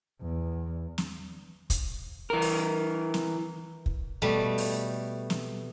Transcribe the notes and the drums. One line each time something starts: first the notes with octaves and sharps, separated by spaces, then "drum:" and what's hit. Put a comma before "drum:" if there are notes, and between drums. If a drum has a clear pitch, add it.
E2
drum: snare
drum: kick, hi-hat
E3 A#4
drum: open hi-hat
drum: snare
drum: kick
B2 G3 A3
drum: open hi-hat
drum: snare